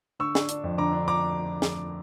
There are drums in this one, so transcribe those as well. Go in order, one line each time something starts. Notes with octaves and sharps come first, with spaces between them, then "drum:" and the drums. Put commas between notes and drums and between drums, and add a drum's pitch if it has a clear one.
D3 C#6 E6
D4, drum: snare
D4, drum: hi-hat
F2
D3 A#5 D6
D4
A#5 D6
drum: snare